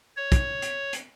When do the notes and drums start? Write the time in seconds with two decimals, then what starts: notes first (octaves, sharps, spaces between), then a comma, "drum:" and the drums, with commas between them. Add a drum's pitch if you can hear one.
0.16 C#5
0.32 drum: kick, hi-hat
0.62 drum: hi-hat
0.93 drum: hi-hat